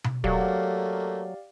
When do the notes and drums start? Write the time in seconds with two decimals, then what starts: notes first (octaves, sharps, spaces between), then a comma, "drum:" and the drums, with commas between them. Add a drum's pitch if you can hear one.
0.04 drum: tom B2
0.24 F#3 A3 A#3 G4 D5 F5, drum: kick